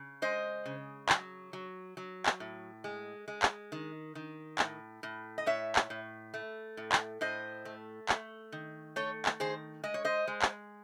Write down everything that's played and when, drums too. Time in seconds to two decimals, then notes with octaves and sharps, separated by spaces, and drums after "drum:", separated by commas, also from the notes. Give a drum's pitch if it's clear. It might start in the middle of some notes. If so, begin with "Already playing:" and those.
Already playing: C#3
0.22 G#3 C5 D#5
0.66 C#3
1.09 F#3, drum: clap
1.53 F#3
1.97 F#3
2.26 drum: clap
2.40 A2
2.84 G#3
3.28 G#3
3.43 drum: clap
3.72 D#3
4.15 D#3
4.58 A2, drum: clap
5.03 A2
5.38 D#5
5.46 A2 C#5 E5
5.76 drum: clap
5.90 A2
6.34 A3
6.77 A2
6.92 drum: clap
7.21 A2 C5 D#5
7.65 A3
8.09 A3, drum: clap
8.52 D#3
8.96 A3 A4 C#5
9.25 drum: clap
9.40 D#3 G#4 C5
9.83 G#3 D#5
9.94 C#5
10.05 C5 D#5
10.28 G#3
10.42 drum: clap